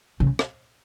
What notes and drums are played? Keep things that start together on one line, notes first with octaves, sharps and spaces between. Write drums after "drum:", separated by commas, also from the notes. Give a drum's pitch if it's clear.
C#3
drum: rim click